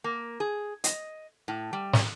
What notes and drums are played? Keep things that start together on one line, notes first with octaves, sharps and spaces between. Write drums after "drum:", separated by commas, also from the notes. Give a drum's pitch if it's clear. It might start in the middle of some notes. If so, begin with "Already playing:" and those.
A#3
G#4
D#5, drum: hi-hat
A2
G3
drum: snare